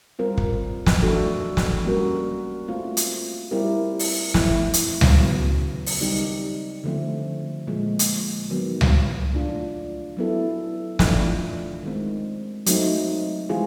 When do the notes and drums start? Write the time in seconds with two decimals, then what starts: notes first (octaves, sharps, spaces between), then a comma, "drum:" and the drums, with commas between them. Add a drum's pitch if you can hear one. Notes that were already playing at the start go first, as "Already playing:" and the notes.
0.19 G3 C4 F4 A#4
0.37 drum: kick
0.86 drum: snare
1.02 F#3 A3 D4 F#4 A4
1.57 drum: snare
1.85 G3 A#3 C#4 F#4 A#4
2.68 A3 C4 F4
2.97 drum: hi-hat
3.51 G3 C4 E4 G4 A#4
3.99 drum: open hi-hat
4.34 A3 C4 E4, drum: snare
4.74 drum: hi-hat
5.01 drum: tom C#2
5.18 C#3 F#3 B3
5.86 drum: open hi-hat
6.00 D#3 G3 C4 D#4 G4
6.84 D3 F3 A3 C4
7.67 A#2 F3 G#3
7.99 drum: hi-hat
8.50 D#3 F#3 B3
8.81 drum: tom C#2
9.33 A3 D4 F4
10.17 F#3 B3 E4 A4
10.99 A3 D4 F4, drum: snare
11.83 D#3 G#3 C4
12.66 F#3 A3 C4 D#4, drum: hi-hat
13.49 E3 G#3 C4 F4 G#4